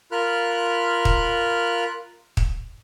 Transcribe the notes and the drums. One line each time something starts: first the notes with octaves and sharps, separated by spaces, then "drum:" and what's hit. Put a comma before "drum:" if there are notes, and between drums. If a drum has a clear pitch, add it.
F4 A#4 B5 F6 F#6
drum: kick
drum: kick